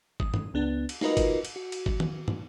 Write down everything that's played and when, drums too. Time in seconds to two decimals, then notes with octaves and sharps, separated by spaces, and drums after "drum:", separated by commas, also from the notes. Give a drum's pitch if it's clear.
0.20 D#6, drum: kick
0.34 drum: tom
0.54 C#2 B3 D4
0.89 drum: cymbal
1.01 D#4 F4 F#4 A#4 B4 D#5, drum: snare
1.17 drum: kick, cymbal
1.45 drum: cymbal
1.56 F#4
1.72 drum: cymbal
1.86 drum: kick
2.00 drum: tom D#3
2.28 drum: tom